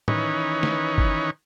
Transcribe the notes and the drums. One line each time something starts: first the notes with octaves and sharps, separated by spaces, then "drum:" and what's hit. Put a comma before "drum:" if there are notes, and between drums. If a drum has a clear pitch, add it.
D#3 E3 C#4 D#4 B4 C#5, drum: tom A2
drum: snare
drum: kick G1